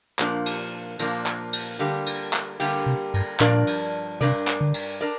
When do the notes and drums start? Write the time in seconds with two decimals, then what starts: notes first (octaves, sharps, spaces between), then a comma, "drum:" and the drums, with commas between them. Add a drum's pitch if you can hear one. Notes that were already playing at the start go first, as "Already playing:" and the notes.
0.19 A#2 F3 A#3 D4, drum: clap
0.46 drum: cymbal
0.99 A#2 F3 A#3 D4, drum: cymbal
1.26 drum: clap
1.53 drum: cymbal
1.79 D3 G3 A#3 G4
2.06 drum: cymbal
2.33 drum: clap
2.60 D3 G3 A#3 G4, drum: cymbal
2.86 C3
3.14 G2, drum: cymbal
3.40 G2 A#2 F3 D4 A#4 D5, drum: clap
3.67 drum: cymbal
4.21 G2 C3 F3 D4 A#4 D5, drum: cymbal
4.47 drum: clap
4.61 D3
4.74 drum: cymbal
5.01 D4 A#4 D5